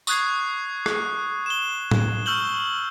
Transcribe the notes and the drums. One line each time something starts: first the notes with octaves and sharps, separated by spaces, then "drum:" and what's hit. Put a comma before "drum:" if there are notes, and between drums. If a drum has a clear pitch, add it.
C#6 D#6 F#6 G#6 C7, drum: tambourine
F#6, drum: rim click
E7 G7
drum: tom A2
C#6 E6 F6 G6 F#7 G7